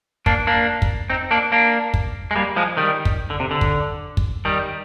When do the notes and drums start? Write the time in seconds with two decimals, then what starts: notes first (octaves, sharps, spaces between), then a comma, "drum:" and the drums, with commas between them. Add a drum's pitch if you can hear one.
0.26 A#3 D4, drum: kick
0.47 A#3 D4
0.82 drum: kick
1.10 C4 D#4
1.31 A#3 D4
1.52 A#3 D4
1.94 drum: kick
2.31 G#3
2.36 G3 A#3
2.56 F3 G#3
2.77 D#3 G3
3.05 drum: kick
3.30 D3
3.40 C3
3.51 D3
3.61 drum: kick
4.17 drum: kick
4.45 D#3 G3